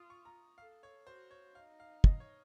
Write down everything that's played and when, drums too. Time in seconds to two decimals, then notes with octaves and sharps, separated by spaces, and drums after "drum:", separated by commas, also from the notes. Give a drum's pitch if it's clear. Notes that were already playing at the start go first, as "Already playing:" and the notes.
Already playing: F4 D#6
0.10 C#6
0.25 A#5
0.58 A4 F5
0.83 C#5
1.06 F#4 C5
1.31 C#5
1.55 D#4 F5
1.80 F5
2.04 D#5, drum: kick
2.20 C#5